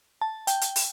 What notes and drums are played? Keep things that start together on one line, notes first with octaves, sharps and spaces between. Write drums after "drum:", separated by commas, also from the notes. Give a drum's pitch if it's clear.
A5
G5, drum: hi-hat
drum: hi-hat
drum: open hi-hat